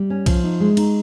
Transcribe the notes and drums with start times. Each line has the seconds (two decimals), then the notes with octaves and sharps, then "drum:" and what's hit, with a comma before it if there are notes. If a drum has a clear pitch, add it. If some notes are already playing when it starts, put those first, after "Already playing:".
Already playing: G3
0.10 C#4
0.26 F3, drum: kick B1, cymbal
0.44 D#4
0.60 G#3
0.77 D#4, drum: cymbal